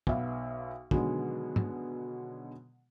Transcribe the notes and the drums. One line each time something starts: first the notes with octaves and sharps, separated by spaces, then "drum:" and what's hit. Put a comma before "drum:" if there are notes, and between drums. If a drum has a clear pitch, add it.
B1 B3 E5 F5, drum: kick
B2 D3 D#3 F#3 G#3 B3, drum: kick
drum: tom